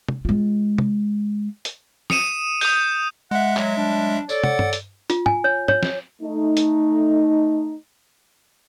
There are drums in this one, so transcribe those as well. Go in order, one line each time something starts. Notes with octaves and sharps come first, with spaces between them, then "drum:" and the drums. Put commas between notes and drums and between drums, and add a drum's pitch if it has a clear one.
drum: tom
G#3 F4
drum: tom
drum: hi-hat
D#6 C#7 D#7 E7, drum: snare
D#6 G6, drum: open hi-hat
G#3 E5 F#5
F#3, drum: clap
F#3 G3 D4
A4 C#5 D5, drum: tambourine
F#5, drum: tom
drum: tom G2
drum: hi-hat
F4, drum: hi-hat
G#5, drum: tom
C#5
C#5, drum: tom
drum: snare
A3 D#4
drum: hi-hat